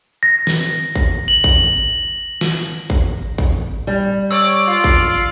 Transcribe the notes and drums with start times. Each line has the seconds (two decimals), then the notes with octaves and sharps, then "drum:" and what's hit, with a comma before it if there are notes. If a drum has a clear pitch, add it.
0.23 A#6
0.47 drum: snare
0.96 drum: kick
1.28 F#7
1.44 drum: kick
2.41 drum: snare
2.90 drum: kick
3.38 drum: kick
3.87 G3
4.31 C#5 D5 E6
4.67 F4
4.84 drum: kick